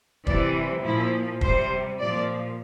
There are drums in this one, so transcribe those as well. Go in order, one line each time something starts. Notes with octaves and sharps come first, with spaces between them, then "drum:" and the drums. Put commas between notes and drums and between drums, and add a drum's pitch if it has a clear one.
C3 E3 G3 D5, drum: kick
A#2 F3 E4
C3 G3 C5, drum: kick
A#2 F3 D5